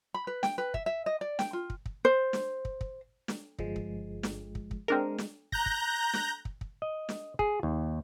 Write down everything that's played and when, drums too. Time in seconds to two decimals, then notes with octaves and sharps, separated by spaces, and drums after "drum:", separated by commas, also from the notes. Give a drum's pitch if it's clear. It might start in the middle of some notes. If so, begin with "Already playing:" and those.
0.14 B5
0.27 B4
0.43 G5, drum: snare
0.58 B4
0.74 E5, drum: kick
0.86 E5
1.06 D#5
1.21 D5
1.39 G5, drum: snare
1.53 F4
1.70 drum: kick
1.86 drum: kick
2.05 C5
2.33 drum: snare
2.65 drum: kick
2.81 drum: kick
3.28 drum: snare
3.59 G1 F3 G#3, drum: kick
3.76 drum: kick
4.23 drum: snare
4.55 drum: kick
4.71 drum: kick
4.88 G#3 C4 D4 A#4
5.18 drum: snare
5.52 A#5 F#6 G6 A#6, drum: kick
5.66 drum: kick
6.14 drum: snare
6.45 drum: kick
6.61 drum: kick
6.82 D#5
7.09 drum: snare
7.39 G#4, drum: kick
7.63 D#2